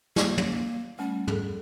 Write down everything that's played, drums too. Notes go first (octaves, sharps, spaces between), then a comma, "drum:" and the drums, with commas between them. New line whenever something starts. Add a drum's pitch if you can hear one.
A#3, drum: snare
drum: tom
G3 A3 C#4
G#4 A4, drum: tom